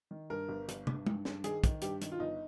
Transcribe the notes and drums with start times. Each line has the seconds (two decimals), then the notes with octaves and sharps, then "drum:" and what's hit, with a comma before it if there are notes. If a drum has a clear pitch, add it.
0.11 D#3
0.30 G2 A#4
0.49 G1
0.68 G1, drum: hi-hat
0.87 G2, drum: tom
1.06 G2, drum: tom
1.25 G2, drum: snare
1.44 D#3 G#4, drum: hi-hat
1.64 D#3, drum: kick, hi-hat
1.81 G2 G4, drum: hi-hat
2.01 D#3, drum: hi-hat
2.12 F4
2.19 G1 D#4